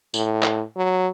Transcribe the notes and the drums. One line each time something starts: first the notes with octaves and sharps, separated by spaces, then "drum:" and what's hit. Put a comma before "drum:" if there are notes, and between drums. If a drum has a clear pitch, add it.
A2, drum: tambourine
drum: clap
F#3